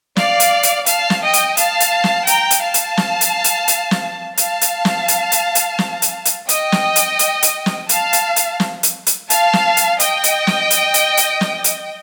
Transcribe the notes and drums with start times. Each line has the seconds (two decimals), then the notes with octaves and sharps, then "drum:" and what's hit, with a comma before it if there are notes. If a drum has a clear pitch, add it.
0.16 D5 F5, drum: snare
0.40 drum: hi-hat
0.63 drum: hi-hat
0.86 F5 A5, drum: hi-hat
1.10 drum: snare
1.22 D#5 G5
1.33 drum: hi-hat
1.57 F5 A5, drum: hi-hat
1.80 drum: hi-hat
2.04 drum: snare
2.27 G5 A#5, drum: hi-hat
2.51 drum: hi-hat
2.62 F5 A5
2.74 drum: hi-hat
2.97 drum: snare
3.21 drum: hi-hat
3.44 drum: hi-hat
3.68 drum: hi-hat
3.91 drum: snare
4.37 F5 A5, drum: hi-hat
4.61 drum: hi-hat
4.85 drum: snare
5.08 drum: hi-hat
5.32 drum: hi-hat
5.55 drum: hi-hat
5.79 drum: snare
6.02 drum: hi-hat
6.25 drum: hi-hat
6.49 D#5 G5, drum: hi-hat
6.72 drum: snare
6.96 drum: hi-hat
7.19 drum: hi-hat
7.43 drum: hi-hat
7.66 drum: snare
7.89 F5 A5, drum: hi-hat
8.13 drum: hi-hat
8.36 drum: hi-hat
8.60 drum: snare
8.83 drum: hi-hat
9.07 drum: hi-hat
9.30 F5 A5, drum: hi-hat
9.53 drum: snare
9.77 drum: hi-hat
10.00 D#5 G5, drum: hi-hat
10.24 drum: hi-hat
10.47 drum: snare
10.70 drum: hi-hat
10.94 drum: hi-hat
11.17 drum: hi-hat
11.41 drum: snare
11.64 drum: hi-hat